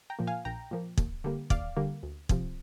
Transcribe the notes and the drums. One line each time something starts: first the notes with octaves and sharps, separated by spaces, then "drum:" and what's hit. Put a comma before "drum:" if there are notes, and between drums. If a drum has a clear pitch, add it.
G5 A#5
A#2 F3 A#3
F5 G#5
A#1 G5 A#5
A#2 F3 A#3
D#2, drum: kick
D3 G3 A#3
D#2 D5 F5, drum: kick
D3 G3 A#3
D2
C3 F3 C4, drum: kick